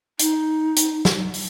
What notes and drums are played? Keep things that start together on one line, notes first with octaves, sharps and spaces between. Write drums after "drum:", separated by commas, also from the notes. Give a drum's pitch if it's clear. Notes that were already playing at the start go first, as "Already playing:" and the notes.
D#4, drum: hi-hat
drum: hi-hat
drum: snare
drum: open hi-hat